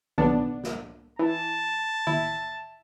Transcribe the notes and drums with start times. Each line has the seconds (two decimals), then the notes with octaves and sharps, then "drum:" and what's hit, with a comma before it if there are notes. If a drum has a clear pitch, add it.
0.18 B1 B3 D4, drum: tom D#3
0.64 drum: snare
1.19 E3 A5
2.07 E4, drum: tom D#3